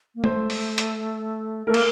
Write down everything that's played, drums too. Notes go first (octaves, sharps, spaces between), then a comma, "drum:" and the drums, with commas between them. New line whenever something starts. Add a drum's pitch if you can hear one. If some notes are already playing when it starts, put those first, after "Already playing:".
A#3
A3 C5, drum: tom
drum: open hi-hat
drum: hi-hat
A3 A#4
A#3, drum: cymbal